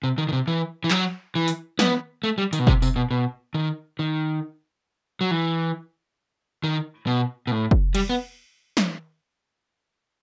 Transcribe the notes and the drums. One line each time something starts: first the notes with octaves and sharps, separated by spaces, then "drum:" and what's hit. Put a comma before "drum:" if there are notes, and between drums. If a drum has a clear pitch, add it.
C3
D#3
D#3
C3
E3
E3
F#3, drum: clap
E3
drum: hi-hat
B3, drum: snare
A3
G3
D#3, drum: hi-hat
B2
C3, drum: kick
C3, drum: tambourine
B2
B2
D#3
D#3
F#3
E3
D#3
B2
B2
A2
drum: kick
G3, drum: cymbal
B3
drum: snare